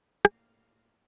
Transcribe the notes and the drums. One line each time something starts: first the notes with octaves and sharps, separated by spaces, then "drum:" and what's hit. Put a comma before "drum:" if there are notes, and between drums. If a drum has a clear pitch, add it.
A2 G3 A#3 D4 F5, drum: rim click